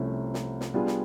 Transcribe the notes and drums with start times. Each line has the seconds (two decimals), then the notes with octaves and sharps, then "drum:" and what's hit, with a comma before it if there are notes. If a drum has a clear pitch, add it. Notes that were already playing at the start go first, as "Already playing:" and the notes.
Already playing: C2 C3 F3 A3 C#4
0.34 drum: snare
0.61 drum: snare
0.74 G3 B3 D4 F4 G#4
0.87 drum: snare